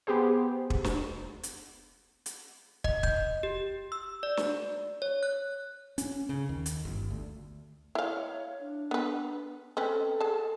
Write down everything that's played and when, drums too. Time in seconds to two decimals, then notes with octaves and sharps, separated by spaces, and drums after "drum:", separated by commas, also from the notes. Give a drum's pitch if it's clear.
0.07 B3 G4 G#4 C5
0.70 drum: kick
0.84 drum: snare
1.43 drum: hi-hat
2.26 drum: hi-hat
2.84 D#5, drum: kick
3.03 G6, drum: kick
3.43 G4
3.92 E6
4.23 D5
4.37 drum: snare
5.02 C#5
5.23 F#6
5.98 C#4, drum: hi-hat
6.29 C#3
6.49 D#2
6.66 drum: hi-hat
6.85 G1
7.10 D2
7.95 E4 C#5 F5
8.60 D4
8.91 B3 B4
9.77 C4 C#4 A4 B4
10.21 G#4 A5